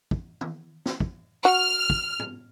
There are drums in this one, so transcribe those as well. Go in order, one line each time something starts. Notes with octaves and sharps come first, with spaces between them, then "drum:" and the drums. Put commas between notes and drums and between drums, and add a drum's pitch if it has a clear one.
drum: kick
drum: tom
drum: snare
drum: kick
F#4 F6
drum: kick
drum: tom